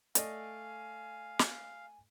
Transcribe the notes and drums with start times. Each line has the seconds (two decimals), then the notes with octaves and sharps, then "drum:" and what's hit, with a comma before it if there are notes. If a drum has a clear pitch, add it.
0.15 A3 D5 D#5 F5 G#5, drum: hi-hat
1.39 drum: snare